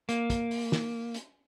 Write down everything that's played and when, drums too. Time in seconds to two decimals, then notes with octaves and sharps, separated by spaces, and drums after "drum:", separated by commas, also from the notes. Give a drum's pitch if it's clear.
0.09 A#3, drum: hi-hat
0.30 drum: kick, hi-hat
0.51 drum: open hi-hat
0.72 drum: snare
1.14 drum: hi-hat